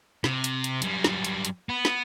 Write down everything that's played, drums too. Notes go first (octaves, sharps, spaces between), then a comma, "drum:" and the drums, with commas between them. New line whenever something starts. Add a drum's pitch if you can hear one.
C3, drum: snare
drum: hi-hat
drum: hi-hat
F#2 G3, drum: hi-hat
drum: snare
drum: hi-hat
drum: hi-hat
B3
drum: snare